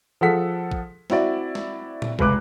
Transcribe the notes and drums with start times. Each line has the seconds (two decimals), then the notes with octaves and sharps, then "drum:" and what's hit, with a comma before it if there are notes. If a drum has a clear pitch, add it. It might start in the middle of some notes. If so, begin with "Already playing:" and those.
0.21 F3 G#4 A4 F#5 B6
0.72 drum: kick
1.10 C4 E4 F#4 D5, drum: snare
1.55 drum: snare
2.02 drum: tom
2.19 F1 C#2 B4 D6 F#6, drum: kick